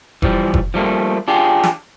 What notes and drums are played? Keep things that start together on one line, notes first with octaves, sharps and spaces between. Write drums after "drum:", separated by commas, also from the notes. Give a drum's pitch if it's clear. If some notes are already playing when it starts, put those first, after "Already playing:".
E3 F3 G3, drum: kick F1
drum: kick F1
F3 G3 A3 A#3
D4 F4 G4 G#4
drum: snare